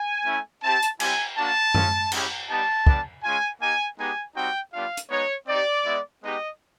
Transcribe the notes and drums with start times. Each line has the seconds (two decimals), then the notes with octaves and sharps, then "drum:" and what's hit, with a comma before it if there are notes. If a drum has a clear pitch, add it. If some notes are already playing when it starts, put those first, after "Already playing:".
Already playing: G#5
0.25 A3 C#4 E4
0.62 C4 E4 G4 A5
0.82 drum: hi-hat
1.00 G3 C4 E4 G4 G#5, drum: cymbal
1.37 A#3 D4 F#4 A5
1.74 G#3 C#4 F4, drum: tom F#2
2.12 G#3 C#4 E4 G4, drum: cymbal
2.49 G3 B3 D#4 G4 A5
2.87 G3 B3 D4, drum: kick
3.23 G#3 C#4 F4 G#5
3.61 A#3 D#4 G4 G#5
3.98 G#3 B3 D#4 G4 G#5
4.35 G3 C4 D#4 F#4 G5
4.73 G3 B3 D4 F4 F5
4.97 drum: hi-hat
5.10 G#3 B3 D#4 C#5
5.47 C4 D#4 G4 D5
5.85 G#3 B3 E4
6.22 G#3 B3 D#4 G4 D#5